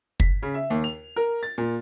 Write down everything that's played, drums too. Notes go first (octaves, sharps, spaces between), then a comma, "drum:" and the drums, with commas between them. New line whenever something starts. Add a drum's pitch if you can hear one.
B6, drum: kick
C#3
E5
D#2
F7
A#4
A6
A#2